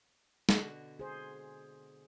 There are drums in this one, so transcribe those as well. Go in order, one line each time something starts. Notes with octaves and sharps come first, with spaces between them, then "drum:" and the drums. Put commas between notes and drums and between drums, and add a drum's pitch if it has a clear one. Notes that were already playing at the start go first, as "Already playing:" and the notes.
B2 D3 F#4, drum: snare
G#4 C5